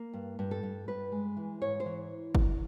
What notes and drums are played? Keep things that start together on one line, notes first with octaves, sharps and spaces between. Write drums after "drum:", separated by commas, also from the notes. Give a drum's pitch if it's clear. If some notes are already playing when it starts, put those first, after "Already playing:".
Already playing: A#3
G2
G2
A4
G2
G2 B4
G#3
E3
G#2 C#5
C5
E3
drum: kick